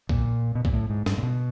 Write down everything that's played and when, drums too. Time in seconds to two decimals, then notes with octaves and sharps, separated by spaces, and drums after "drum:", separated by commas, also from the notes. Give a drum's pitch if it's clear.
0.09 A#2, drum: kick
0.55 B2
0.65 A#2, drum: kick
0.73 A2
0.90 G#2
1.06 G2, drum: snare
1.18 A#2
1.23 B2